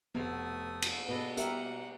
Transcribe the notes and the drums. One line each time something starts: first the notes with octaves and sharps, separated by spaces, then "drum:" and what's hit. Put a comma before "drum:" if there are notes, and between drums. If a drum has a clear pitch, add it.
F1 A3 B3 D#6
drum: cymbal
B2 A4 B4 D#5
G4 A#4 E5 F#5, drum: hi-hat